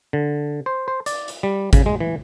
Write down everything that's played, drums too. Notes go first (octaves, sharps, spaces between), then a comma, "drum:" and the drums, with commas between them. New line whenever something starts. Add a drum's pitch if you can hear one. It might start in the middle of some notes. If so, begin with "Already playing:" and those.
D3
C5
C5
D5, drum: hi-hat
drum: hi-hat
G3
C#3, drum: kick G#1, hi-hat
G#3
E3